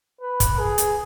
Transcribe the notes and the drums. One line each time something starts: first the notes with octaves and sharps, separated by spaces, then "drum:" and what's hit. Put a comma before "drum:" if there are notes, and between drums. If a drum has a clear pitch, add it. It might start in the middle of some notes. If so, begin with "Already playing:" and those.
B4
drum: kick, hi-hat
G#4
drum: hi-hat